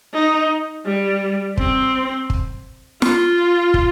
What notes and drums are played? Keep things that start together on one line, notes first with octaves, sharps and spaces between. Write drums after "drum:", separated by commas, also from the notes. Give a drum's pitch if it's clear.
D#4
G3
C4, drum: kick
drum: kick
F4, drum: snare
drum: kick